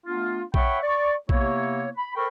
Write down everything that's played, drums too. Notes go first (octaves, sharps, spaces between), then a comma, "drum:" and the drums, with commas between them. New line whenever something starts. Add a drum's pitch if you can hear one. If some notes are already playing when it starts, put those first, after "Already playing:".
A3 B3 D4 F4
C#5 E5 F#5 G5 B5 C#6, drum: kick A#1
D5 C#6
C3 A#3 B3 E4 C#5, drum: kick A#1
B5
A4 A#4 C5 G5 B5 C#6